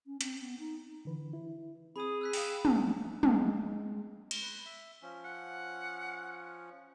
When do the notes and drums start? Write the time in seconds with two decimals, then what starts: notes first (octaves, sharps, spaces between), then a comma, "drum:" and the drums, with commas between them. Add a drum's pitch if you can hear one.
0.06 C#4
0.21 C4, drum: hi-hat
0.41 B3
0.59 D#4
1.05 D3 E3 B4
1.33 E4
1.96 C4 G#4 B5 D#6
2.21 E6 F#6 B6
2.33 F5 G5 E7, drum: open hi-hat
2.65 drum: tom
3.23 G#3, drum: tom
4.31 drum: cymbal
4.42 B4
4.66 E5
5.02 F3 C#4
5.25 F#5